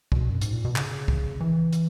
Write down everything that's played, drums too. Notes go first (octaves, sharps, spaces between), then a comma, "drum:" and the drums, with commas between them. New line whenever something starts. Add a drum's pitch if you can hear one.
B2, drum: kick
F#2
G#2, drum: hi-hat
A#2
B2
C#3, drum: clap
drum: kick
E3
drum: hi-hat